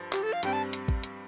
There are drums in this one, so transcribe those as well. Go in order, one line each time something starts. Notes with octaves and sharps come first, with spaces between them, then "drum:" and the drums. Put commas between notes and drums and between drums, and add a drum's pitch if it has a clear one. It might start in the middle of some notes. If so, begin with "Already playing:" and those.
Already playing: G2 F3
G4, drum: clap
A4
F5
G2 G3 C4 G5, drum: hi-hat
A5
drum: hi-hat
drum: kick A1
drum: hi-hat